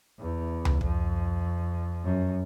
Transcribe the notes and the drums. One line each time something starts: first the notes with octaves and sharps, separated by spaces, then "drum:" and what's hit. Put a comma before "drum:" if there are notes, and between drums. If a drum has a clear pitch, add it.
E2
drum: tom C#2
F2, drum: kick
F#2